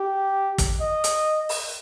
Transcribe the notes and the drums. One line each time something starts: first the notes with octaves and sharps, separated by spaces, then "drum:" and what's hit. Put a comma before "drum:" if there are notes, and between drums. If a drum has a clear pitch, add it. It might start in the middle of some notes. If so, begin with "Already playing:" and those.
Already playing: G4
drum: kick, hi-hat
D#5
drum: hi-hat
drum: open hi-hat